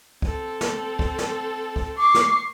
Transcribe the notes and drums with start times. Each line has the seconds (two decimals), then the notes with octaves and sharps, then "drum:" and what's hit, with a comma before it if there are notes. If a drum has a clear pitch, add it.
0.22 C4 A4, drum: kick
0.61 drum: snare
0.99 drum: kick
1.18 drum: snare
1.76 drum: kick
1.98 C#6 D6 C7
2.14 drum: snare